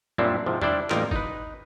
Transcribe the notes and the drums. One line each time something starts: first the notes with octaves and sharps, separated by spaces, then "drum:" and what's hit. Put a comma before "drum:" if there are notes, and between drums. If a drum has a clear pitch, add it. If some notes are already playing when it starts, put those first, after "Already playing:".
F#2 A#2 G3 C4 D4 E4
G#2 C3 F3
G3 D4 E4 C5 D5, drum: tom E2
A1 G3 A#3 D#4 F4 A#4, drum: clap
D#4 B4, drum: kick